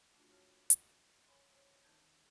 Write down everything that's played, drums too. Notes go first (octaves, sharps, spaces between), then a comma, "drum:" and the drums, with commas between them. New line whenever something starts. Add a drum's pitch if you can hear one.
A3 D4 F4 F#4
F#4 C#5 A5 F6
drum: hi-hat
C#5 G#5 B5 C6
C5 C#5
D#3 D#4 A5 G6 G#6